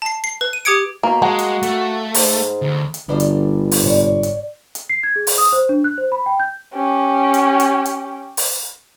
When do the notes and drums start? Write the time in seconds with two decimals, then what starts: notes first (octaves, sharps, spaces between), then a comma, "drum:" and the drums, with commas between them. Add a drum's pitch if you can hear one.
0.02 A5 C7
0.24 C7
0.41 B4
0.53 D#7
0.65 G4 D6 D#6 G#6 C#7 D7
1.03 B2 A#3
1.22 G#3 F#4 F#5 A5
1.39 drum: hi-hat
1.63 A3, drum: hi-hat
2.14 G#2, drum: open hi-hat
2.62 D2
2.94 drum: hi-hat
3.09 G1 F#2 D3 D4 B4 D5 F5
3.20 drum: hi-hat
3.71 drum: open hi-hat
3.83 G#2 B2 C#5 D5
4.23 drum: hi-hat
4.75 drum: hi-hat
4.89 C7
5.03 G#6
5.16 G#4
5.27 drum: open hi-hat
5.38 D#6
5.53 C5
5.69 D4
5.84 F#6
5.98 C5
6.12 B5
6.26 G5
6.40 G6
6.73 C#4 G4
7.34 drum: hi-hat
7.60 drum: hi-hat
7.85 drum: hi-hat
8.37 drum: open hi-hat